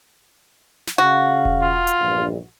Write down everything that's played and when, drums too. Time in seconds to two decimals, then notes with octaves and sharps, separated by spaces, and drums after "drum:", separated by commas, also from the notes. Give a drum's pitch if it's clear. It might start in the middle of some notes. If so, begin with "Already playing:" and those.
0.88 drum: snare
0.98 C#3 F#4 F5
1.45 drum: kick E1
1.62 F4
1.87 drum: hi-hat
2.00 A#1 E2 G2